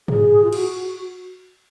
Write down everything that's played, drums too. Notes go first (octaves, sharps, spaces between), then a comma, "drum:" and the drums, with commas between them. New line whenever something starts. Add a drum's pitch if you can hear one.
G#4, drum: tom G#2
F4
F#4, drum: cymbal